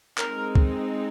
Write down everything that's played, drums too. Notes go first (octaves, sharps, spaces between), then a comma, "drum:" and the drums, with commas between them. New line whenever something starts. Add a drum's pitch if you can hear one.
G#3 C4 D#4 A#4, drum: clap
drum: kick